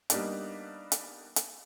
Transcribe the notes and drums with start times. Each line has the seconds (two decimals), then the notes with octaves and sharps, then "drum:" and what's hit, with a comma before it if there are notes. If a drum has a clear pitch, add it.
0.10 G3 A#3 B3 D4 D#4, drum: hi-hat
0.92 drum: hi-hat
1.36 drum: hi-hat